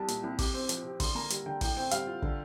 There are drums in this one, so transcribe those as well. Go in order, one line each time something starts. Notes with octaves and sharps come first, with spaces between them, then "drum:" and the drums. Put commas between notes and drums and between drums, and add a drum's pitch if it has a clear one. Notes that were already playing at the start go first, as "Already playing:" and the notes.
Already playing: C2 G3 A5
A#2, drum: hi-hat
C2
C3 D6, drum: kick, open hi-hat
C4
F3, drum: hi-hat
C3
D3 C6, drum: kick, open hi-hat
A#3 A#5
G3, drum: hi-hat
D3 G5
A2 G5, drum: kick, open hi-hat
C4 G5
G3 F5, drum: hi-hat
F4
D3, drum: kick